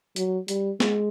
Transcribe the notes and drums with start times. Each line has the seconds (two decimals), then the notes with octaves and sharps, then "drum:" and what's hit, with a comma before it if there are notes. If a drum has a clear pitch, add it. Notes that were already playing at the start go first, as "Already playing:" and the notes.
0.16 F#3, drum: hi-hat
0.48 G3, drum: hi-hat
0.80 G#3, drum: snare